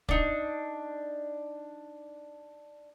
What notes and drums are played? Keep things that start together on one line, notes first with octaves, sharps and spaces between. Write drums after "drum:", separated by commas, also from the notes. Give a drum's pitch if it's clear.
D4 D#4, drum: kick